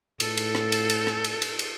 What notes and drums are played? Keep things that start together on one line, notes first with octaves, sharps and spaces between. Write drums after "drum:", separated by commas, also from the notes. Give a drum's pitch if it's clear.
A2 A4, drum: cymbal
drum: cymbal
drum: rim click
drum: cymbal
drum: cymbal
drum: rim click
drum: cymbal
drum: cymbal
drum: cymbal